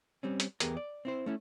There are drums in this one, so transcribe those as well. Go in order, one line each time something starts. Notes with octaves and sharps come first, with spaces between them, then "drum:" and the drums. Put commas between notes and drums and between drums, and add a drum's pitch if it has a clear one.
G3 C4 C#4
drum: hi-hat
E2 B3 G4 G#4 A#4, drum: hi-hat
D5
C4 E4 C5
A3 C#4 E4